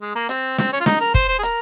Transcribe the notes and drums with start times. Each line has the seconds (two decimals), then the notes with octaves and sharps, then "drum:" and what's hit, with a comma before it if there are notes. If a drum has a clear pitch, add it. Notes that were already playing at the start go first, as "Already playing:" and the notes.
0.01 G#3
0.16 A#3
0.29 C4, drum: hi-hat
0.58 C4, drum: snare
0.73 C#4
0.80 F4
0.86 D#4, drum: snare
1.00 A#4
1.14 C5, drum: kick
1.28 C5
1.39 G#4
1.43 A#4, drum: hi-hat